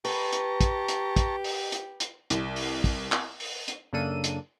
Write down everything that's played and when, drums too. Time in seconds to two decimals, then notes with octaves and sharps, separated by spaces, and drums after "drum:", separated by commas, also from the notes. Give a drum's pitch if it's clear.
0.05 G4 B4 A5 A#5 C#6, drum: open hi-hat
0.33 drum: hi-hat
0.61 drum: kick, hi-hat
0.88 drum: hi-hat
1.16 drum: kick, hi-hat
1.44 drum: open hi-hat
1.72 drum: hi-hat
2.00 drum: hi-hat
2.30 C2, drum: hi-hat
2.56 drum: open hi-hat
2.84 drum: kick, open hi-hat
3.12 drum: clap
3.40 drum: open hi-hat
3.68 drum: hi-hat
3.93 F#2 C#3 A#3 D4 A4 D#7
4.24 drum: hi-hat